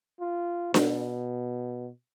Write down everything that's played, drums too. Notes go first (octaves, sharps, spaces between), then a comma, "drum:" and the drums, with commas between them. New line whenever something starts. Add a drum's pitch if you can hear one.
F4
B2, drum: snare D4